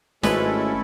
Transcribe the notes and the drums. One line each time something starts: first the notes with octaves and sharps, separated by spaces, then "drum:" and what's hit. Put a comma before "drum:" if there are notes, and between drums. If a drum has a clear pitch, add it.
G#1 G#3 A3 C#4 E4 A4 B4, drum: snare